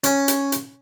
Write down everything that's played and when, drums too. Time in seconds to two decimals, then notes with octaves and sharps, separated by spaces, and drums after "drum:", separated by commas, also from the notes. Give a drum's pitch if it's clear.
0.04 C#4, drum: hi-hat
0.28 drum: hi-hat
0.52 drum: hi-hat